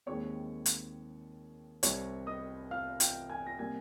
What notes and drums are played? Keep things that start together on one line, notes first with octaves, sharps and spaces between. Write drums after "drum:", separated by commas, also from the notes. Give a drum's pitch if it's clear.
D#2 D#3 G#3 C4 C#5 C#6
drum: hi-hat
C2 C3 G3 C4 C#5 C#6, drum: hi-hat
D#5 D#6
F5 F6
G5 G6, drum: hi-hat
G#5 G#6
A#6
C3 G3 A#3 G#5 G#6